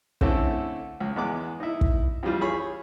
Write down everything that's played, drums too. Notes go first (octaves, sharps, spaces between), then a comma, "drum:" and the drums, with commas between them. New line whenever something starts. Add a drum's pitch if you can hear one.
D3 A3 C4 C#4 E4 A4, drum: kick
C#2
E2 G#3 B3 B4 D6
D#4 E4
drum: kick
F2 E3 G3 F4
G#4 C#5 B5 C#6